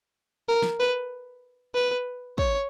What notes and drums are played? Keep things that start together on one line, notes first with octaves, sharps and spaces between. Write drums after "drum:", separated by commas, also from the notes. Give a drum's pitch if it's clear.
A#4
drum: snare
B4
B4
C#5, drum: kick